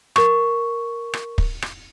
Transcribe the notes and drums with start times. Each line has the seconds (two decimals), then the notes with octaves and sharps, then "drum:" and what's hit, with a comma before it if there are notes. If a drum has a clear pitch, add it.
0.16 A#4 C#6, drum: rim click
1.14 drum: rim click
1.38 drum: kick
1.62 drum: rim click